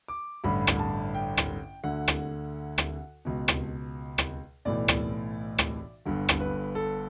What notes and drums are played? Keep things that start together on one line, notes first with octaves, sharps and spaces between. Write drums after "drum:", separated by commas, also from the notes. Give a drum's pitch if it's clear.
D6
A1 G2 D3 B5
drum: rim click
A5
G5
drum: rim click
D2 D3 F#5
drum: rim click
drum: rim click
C#2 B2
drum: rim click
drum: rim click
B1 A2 E3 D5
drum: rim click
drum: rim click
G1 G2 D3
drum: rim click
B4
A4